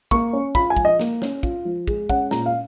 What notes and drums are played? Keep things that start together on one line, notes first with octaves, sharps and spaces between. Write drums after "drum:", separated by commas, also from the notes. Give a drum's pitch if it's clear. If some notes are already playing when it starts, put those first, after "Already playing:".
A#3 C#6, drum: kick
C#4
F4 B5, drum: kick
G#5
F3, drum: kick
D#5
A#3, drum: snare
C#4, drum: snare
F4, drum: kick
F3
G#3, drum: kick
C#4 F#5, drum: kick
A#2 A#5, drum: snare
F5